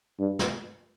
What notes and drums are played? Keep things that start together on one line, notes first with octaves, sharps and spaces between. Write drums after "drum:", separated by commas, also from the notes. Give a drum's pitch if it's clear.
G2
drum: snare